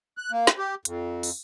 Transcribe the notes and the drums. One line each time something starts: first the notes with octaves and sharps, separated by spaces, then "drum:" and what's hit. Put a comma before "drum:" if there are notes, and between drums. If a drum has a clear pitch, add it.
F#6
A#3
drum: snare
G4
F2, drum: hi-hat
drum: open hi-hat